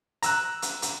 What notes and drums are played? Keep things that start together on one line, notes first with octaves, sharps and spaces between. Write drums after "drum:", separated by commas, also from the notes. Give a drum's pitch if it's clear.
A#5 E6 F#6, drum: hi-hat
drum: hi-hat
drum: hi-hat